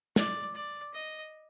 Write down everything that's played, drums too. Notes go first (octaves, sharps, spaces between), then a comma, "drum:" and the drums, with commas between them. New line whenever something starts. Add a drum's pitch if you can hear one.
D5, drum: snare
D5
D#5